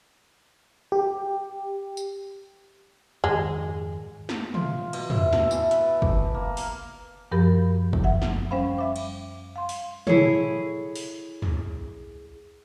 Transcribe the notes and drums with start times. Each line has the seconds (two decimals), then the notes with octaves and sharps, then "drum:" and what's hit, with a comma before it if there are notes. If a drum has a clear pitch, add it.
0.92 G4
1.97 drum: tambourine
3.24 F2 G#2 D#3 G#3
4.29 drum: snare
4.54 F4, drum: tom
4.93 B2, drum: cymbal
5.10 E5, drum: tom
5.33 A4, drum: snare
5.51 E3, drum: tambourine
5.71 B4, drum: hi-hat
6.02 D6, drum: kick
6.34 A#3
6.57 A#4, drum: open hi-hat
7.31 F#2 F3 G4 A#4 B5
7.93 drum: kick
8.04 E5 F#5
8.22 drum: snare
8.51 G3 C#4 C5 F5 B5
8.78 E5 D6
8.96 drum: cymbal
9.56 F5 C6
9.69 drum: open hi-hat
10.07 E4 G#4 A4 C#5, drum: tom
10.96 drum: open hi-hat
11.42 drum: tom